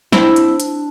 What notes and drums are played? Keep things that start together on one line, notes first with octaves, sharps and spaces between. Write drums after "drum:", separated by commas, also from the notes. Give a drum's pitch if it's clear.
C4 D4 E4, drum: snare
drum: hi-hat
drum: hi-hat